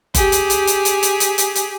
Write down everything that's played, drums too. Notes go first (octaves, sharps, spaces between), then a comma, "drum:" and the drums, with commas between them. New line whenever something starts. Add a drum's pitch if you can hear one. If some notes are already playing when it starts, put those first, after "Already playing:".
G4 G#4, drum: kick F#1, hi-hat
drum: hi-hat
drum: hi-hat
drum: hi-hat
drum: hi-hat
drum: hi-hat
drum: hi-hat
drum: hi-hat
drum: hi-hat